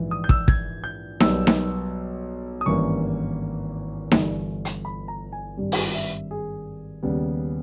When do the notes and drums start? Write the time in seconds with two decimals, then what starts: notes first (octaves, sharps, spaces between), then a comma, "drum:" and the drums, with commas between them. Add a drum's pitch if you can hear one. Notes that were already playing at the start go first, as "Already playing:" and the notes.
Already playing: A#1 G#2 E3
0.11 D#6
0.24 G6
0.29 E6, drum: kick
0.48 G#6, drum: kick
0.84 G6
1.20 B1 B2 G3 B3 E6, drum: snare D#4
1.47 drum: snare D#4
2.61 D#6
2.66 G#1 G2 E3 A#3 C#4 C#6
4.12 G1 G2 E3, drum: snare D#4
4.65 drum: hi-hat
4.85 B5
5.08 A#5
5.32 G#5
5.57 G#1 G2 G3
5.72 drum: open hi-hat
5.94 E5
6.31 G#4
7.03 D#2 C#3 G3 B3